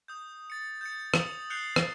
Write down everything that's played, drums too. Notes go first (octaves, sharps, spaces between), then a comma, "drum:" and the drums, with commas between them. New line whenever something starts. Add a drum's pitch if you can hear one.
D#6 G6
A6 C#7
G6 A6 C#7
D#6 C#7 F7 F#7, drum: rim click
F#6 G6 C7 C#7 F7 G7
drum: rim click